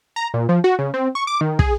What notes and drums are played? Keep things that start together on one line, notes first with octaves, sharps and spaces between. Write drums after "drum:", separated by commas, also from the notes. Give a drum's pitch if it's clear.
A#5
A#2
F3
F#4
C#3
C4
C#6
D6
D#3
G#4, drum: kick